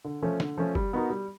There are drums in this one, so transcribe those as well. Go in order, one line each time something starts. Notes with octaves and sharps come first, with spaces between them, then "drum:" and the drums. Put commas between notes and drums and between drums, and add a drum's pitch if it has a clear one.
D3
F3 A3 C#4
D3, drum: snare
F3 A3 C#4
G3, drum: kick
B3 D#4 F#4 A#4
G3